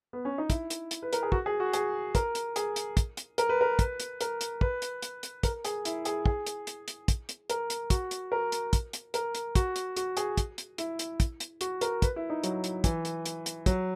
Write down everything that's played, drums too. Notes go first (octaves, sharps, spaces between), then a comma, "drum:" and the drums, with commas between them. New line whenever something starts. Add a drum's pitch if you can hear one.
B3
C#4
D#4
E4, drum: kick, hi-hat
drum: hi-hat
drum: hi-hat
B4
A#4, drum: hi-hat
G#4
F#4, drum: kick
G#4
F#4
G#4, drum: hi-hat
A#4, drum: kick, hi-hat
drum: hi-hat
G#4, drum: hi-hat
drum: hi-hat
drum: kick, hi-hat
drum: hi-hat
A#4, drum: hi-hat
B4
A#4
B4, drum: kick, hi-hat
drum: hi-hat
A#4, drum: hi-hat
drum: hi-hat
B4, drum: kick
drum: hi-hat
drum: hi-hat
drum: hi-hat
A#4, drum: kick, hi-hat
G#4, drum: hi-hat
E4, drum: hi-hat
G#4, drum: hi-hat
G#4, drum: kick
drum: hi-hat
drum: hi-hat
drum: hi-hat
drum: kick, hi-hat
drum: hi-hat
A#4, drum: hi-hat
drum: hi-hat
F#4, drum: kick, hi-hat
drum: hi-hat
A#4
drum: hi-hat
drum: kick, hi-hat
drum: hi-hat
A#4, drum: hi-hat
drum: hi-hat
F#4, drum: kick, hi-hat
drum: hi-hat
F#4, drum: hi-hat
G#4, drum: hi-hat
drum: kick, hi-hat
drum: hi-hat
E4, drum: hi-hat
drum: hi-hat
drum: kick, hi-hat
drum: hi-hat
F#4, drum: hi-hat
A#4, drum: hi-hat
B4, drum: kick, hi-hat
E4
D#4
F#3, drum: hi-hat
drum: hi-hat
E3, drum: kick, hi-hat
drum: hi-hat
drum: hi-hat
drum: hi-hat
F#3, drum: kick, hi-hat